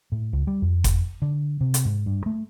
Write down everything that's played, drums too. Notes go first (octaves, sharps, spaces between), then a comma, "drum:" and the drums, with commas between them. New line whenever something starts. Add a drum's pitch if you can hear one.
A2
C#2
G3
F2
drum: kick F#1, hi-hat
D3
C3
drum: hi-hat
G#2
G2
A3